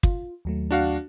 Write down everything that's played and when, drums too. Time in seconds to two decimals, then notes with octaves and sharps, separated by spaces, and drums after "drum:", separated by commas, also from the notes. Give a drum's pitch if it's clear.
0.03 F4, drum: kick
0.45 D#2 F#3 A3
0.71 D4 F#4 F5